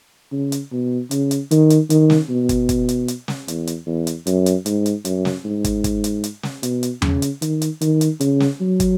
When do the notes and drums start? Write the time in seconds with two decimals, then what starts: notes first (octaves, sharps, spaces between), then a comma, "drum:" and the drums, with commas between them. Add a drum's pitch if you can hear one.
0.32 C#3
0.52 drum: hi-hat
0.72 B2
1.11 C#3, drum: hi-hat
1.31 drum: hi-hat
1.51 D#3, drum: hi-hat
1.70 drum: hi-hat
1.90 D#3, drum: hi-hat
2.10 drum: snare
2.29 B2
2.49 drum: kick, hi-hat
2.69 drum: kick, hi-hat
2.89 drum: hi-hat
3.08 drum: hi-hat
3.28 drum: snare
3.48 E2, drum: hi-hat
3.67 drum: hi-hat
3.86 E2
4.07 drum: hi-hat
4.27 F#2, drum: hi-hat
4.46 drum: hi-hat
4.66 G#2, drum: hi-hat
4.86 drum: hi-hat
5.05 F#2, drum: hi-hat
5.25 drum: snare
5.45 G#2
5.64 drum: kick, hi-hat
5.84 drum: kick, hi-hat
6.04 drum: hi-hat
6.24 drum: hi-hat
6.43 drum: snare
6.63 B2, drum: hi-hat
6.83 drum: hi-hat
7.02 C#3, drum: tom E2
7.22 drum: hi-hat
7.42 D#3, drum: hi-hat
7.62 drum: hi-hat
7.81 D#3, drum: hi-hat
8.01 drum: hi-hat
8.21 C#3, drum: hi-hat
8.40 drum: snare
8.61 F#3
8.80 drum: kick, hi-hat